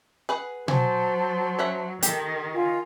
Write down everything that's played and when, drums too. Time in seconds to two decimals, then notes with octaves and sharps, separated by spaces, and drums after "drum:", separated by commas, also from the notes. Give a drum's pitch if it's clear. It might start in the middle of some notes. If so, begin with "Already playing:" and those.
0.29 G#4 B4 F#5
0.68 F#3 C5 G#5 A5 C6, drum: tom B2
1.59 C#4 E5 F#5
2.03 D#3 G4 A4, drum: hi-hat
2.54 F4 G#5